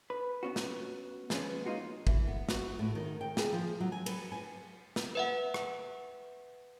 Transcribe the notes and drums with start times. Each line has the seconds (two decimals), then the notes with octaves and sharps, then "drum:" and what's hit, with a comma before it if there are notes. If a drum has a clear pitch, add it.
0.10 B4
0.43 B3 C#4 F#4
0.56 drum: snare
1.30 F3 G#3 B3 C#4, drum: snare
1.66 G#3 A#3 D#4 F4 F#4
2.07 E3, drum: kick
2.27 B3
2.49 F#4, drum: snare
2.79 A2
2.95 D#3
3.21 G5
3.37 G#4, drum: snare
3.53 F3
3.80 F#3
3.92 G#5
4.06 B4, drum: cymbal
4.32 G#5
4.96 drum: snare
5.15 B4 E5 F#5
5.54 drum: rim click